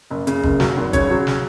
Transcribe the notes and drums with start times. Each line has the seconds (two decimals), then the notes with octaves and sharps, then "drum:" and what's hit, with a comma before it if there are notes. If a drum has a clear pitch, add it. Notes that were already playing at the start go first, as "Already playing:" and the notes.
0.10 F#1
0.27 C#3, drum: hi-hat
0.43 F#1, drum: kick
0.60 F#3, drum: snare
0.77 G#1
0.93 C#3 C#5, drum: kick, hi-hat
1.10 F#3
1.27 drum: snare